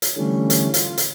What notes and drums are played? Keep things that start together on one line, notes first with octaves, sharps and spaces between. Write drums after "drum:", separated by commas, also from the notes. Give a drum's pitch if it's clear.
drum: hi-hat
D3 E3 G3 A3 C#4
drum: hi-hat
F4, drum: hi-hat
drum: hi-hat